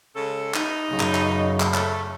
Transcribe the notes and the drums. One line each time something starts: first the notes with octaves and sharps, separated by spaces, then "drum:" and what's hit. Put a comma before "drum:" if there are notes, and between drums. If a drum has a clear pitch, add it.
C#3 G#3 A4
D#4, drum: clap
F#2 C#3
drum: clap
drum: clap
drum: clap
A3, drum: clap